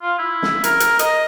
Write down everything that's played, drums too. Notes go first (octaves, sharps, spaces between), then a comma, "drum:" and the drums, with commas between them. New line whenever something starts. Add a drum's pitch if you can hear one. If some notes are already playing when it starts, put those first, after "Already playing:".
F4
E4
drum: snare
A#4, drum: hi-hat
drum: hi-hat
D#5, drum: hi-hat